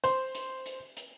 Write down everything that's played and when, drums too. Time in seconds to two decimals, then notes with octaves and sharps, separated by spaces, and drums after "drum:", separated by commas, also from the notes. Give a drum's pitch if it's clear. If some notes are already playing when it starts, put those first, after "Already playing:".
0.04 C5, drum: hi-hat
0.35 drum: hi-hat
0.66 drum: hi-hat
0.97 drum: hi-hat